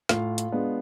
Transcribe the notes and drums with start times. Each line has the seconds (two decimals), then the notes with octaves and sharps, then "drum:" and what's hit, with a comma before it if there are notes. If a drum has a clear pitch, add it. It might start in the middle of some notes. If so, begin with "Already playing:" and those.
0.09 A2 F4 F5, drum: snare
0.38 drum: hi-hat
0.52 G#3 B3 D4